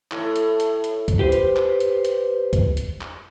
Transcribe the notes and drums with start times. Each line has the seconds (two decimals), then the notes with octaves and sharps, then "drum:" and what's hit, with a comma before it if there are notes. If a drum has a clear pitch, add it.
0.11 A2, drum: clap
0.36 drum: hi-hat
0.60 drum: hi-hat
0.84 drum: hi-hat
1.08 drum: kick C#2, hi-hat
1.19 G4 B4 C5
1.32 drum: hi-hat
1.56 drum: clap
1.80 drum: hi-hat
2.05 drum: hi-hat
2.53 drum: kick C#2, hi-hat
2.77 drum: hi-hat
3.01 drum: clap